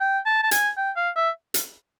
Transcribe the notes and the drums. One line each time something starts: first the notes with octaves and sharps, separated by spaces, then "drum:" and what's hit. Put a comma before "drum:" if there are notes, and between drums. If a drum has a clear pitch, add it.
G5
A5
A5
G#5, drum: hi-hat
G5
F5
E5
drum: hi-hat